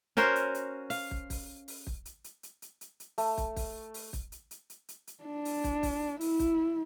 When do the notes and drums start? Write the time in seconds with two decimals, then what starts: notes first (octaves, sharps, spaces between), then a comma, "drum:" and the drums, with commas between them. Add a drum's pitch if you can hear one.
0.17 C#4 F#4 A#4 C5, drum: hi-hat
0.36 drum: hi-hat
0.55 drum: hi-hat
0.90 F5, drum: open hi-hat
1.11 drum: kick
1.30 drum: kick, open hi-hat
1.68 drum: open hi-hat
1.87 drum: kick
2.05 drum: hi-hat
2.24 drum: hi-hat
2.43 drum: hi-hat
2.62 drum: hi-hat
2.81 drum: hi-hat
3.00 drum: hi-hat
3.18 A3, drum: open hi-hat
3.38 drum: kick, hi-hat
3.56 drum: kick, open hi-hat
3.94 drum: open hi-hat
4.13 drum: kick, hi-hat
4.32 drum: hi-hat
4.51 drum: hi-hat
4.70 drum: hi-hat
4.89 drum: hi-hat
5.07 drum: hi-hat
5.24 D4
5.45 drum: open hi-hat
5.64 drum: kick, hi-hat
5.83 drum: kick, open hi-hat
6.21 E4, drum: open hi-hat
6.39 drum: kick, hi-hat